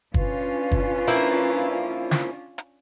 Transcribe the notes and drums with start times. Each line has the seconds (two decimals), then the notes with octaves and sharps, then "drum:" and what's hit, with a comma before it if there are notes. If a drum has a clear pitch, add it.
0.14 C#4 D4 F4 B4, drum: kick
0.72 drum: kick
1.08 F3 A#3 E4
2.11 drum: snare
2.58 drum: hi-hat